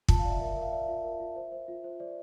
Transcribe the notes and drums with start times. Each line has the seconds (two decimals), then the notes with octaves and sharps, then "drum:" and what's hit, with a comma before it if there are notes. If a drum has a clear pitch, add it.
0.08 F4 A5, drum: kick
0.19 F5
0.25 D5 E5
0.41 A#4 E5
0.51 E5
0.57 A#4
0.62 F5
0.72 D5 E5
0.88 F4
1.04 A#4
1.20 F4
1.36 C5
1.52 C5
1.68 F4
1.84 C5
2.00 C5 D5